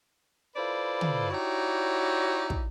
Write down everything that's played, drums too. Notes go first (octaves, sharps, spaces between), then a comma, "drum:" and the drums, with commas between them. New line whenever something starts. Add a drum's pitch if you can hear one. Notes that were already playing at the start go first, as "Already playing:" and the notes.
E4 F4 A4 B4 C5 D5
drum: tom
D#4 E4 F#4 G4 C#5 D5
drum: kick